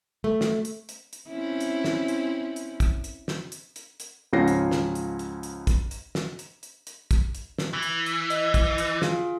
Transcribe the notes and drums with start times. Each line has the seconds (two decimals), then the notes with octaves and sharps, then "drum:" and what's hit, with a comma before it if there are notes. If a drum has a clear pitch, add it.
0.24 A3
0.41 drum: snare
0.65 drum: hi-hat
0.89 drum: hi-hat
1.13 drum: hi-hat
1.29 C4 C#4 E4
1.61 drum: hi-hat
1.84 drum: snare
2.08 drum: hi-hat
2.56 drum: hi-hat
2.80 drum: kick, hi-hat
3.04 drum: hi-hat
3.28 drum: snare
3.52 drum: hi-hat
3.76 drum: hi-hat
4.00 drum: hi-hat
4.33 C#2 G#2 F3 C#4 A#6 C7
4.48 drum: hi-hat
4.71 drum: snare
4.95 drum: hi-hat
5.19 drum: hi-hat
5.43 drum: hi-hat
5.67 drum: kick, hi-hat
5.91 drum: hi-hat
6.15 drum: snare
6.39 drum: hi-hat
6.63 drum: hi-hat
6.87 drum: hi-hat
7.11 drum: kick, hi-hat
7.35 drum: hi-hat
7.59 drum: snare
7.73 E3
7.82 drum: hi-hat
8.06 drum: hi-hat
8.30 D#5, drum: hi-hat
8.54 drum: kick, hi-hat
8.78 drum: hi-hat
9.02 F4 G#4 F5, drum: snare